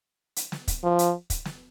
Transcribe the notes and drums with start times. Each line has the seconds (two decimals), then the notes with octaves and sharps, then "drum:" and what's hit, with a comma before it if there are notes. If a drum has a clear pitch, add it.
0.36 drum: hi-hat
0.52 drum: snare
0.68 drum: kick, hi-hat
0.84 F3
0.99 drum: hi-hat
1.30 drum: kick, hi-hat
1.45 drum: snare